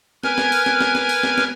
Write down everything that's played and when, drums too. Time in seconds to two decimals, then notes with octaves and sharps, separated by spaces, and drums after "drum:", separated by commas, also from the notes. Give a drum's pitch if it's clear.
0.23 A#4 B4 G#5 F6 G#6, drum: snare
0.38 drum: snare
0.52 drum: open hi-hat
0.66 drum: snare
0.81 drum: snare
0.95 drum: snare
1.09 drum: open hi-hat
1.23 drum: snare
1.38 drum: snare